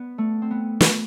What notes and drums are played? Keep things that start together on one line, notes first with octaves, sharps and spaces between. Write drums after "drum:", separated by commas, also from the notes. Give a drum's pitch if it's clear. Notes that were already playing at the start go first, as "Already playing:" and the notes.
Already playing: B3
A3
C4
B3
drum: snare